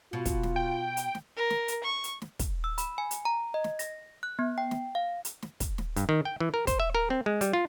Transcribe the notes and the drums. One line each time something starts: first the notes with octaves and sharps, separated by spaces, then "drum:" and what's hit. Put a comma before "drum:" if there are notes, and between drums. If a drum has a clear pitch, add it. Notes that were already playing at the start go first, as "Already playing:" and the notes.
B2 F4
drum: kick, hi-hat
drum: snare
G5
drum: hi-hat
drum: snare
A#4
drum: snare
drum: hi-hat
C#6
drum: hi-hat
drum: snare
drum: kick, hi-hat
E6
B5, drum: hi-hat
G#5
drum: hi-hat
A#5
D#5
drum: snare
A#6, drum: hi-hat
F#6
B3
G5
drum: snare
F5
drum: hi-hat
drum: snare
drum: kick, hi-hat
drum: snare
G2, drum: hi-hat
D#3
G5
E3
A#4
C5, drum: kick, hi-hat
E5
A#4
C4
G#3
G3, drum: hi-hat
F4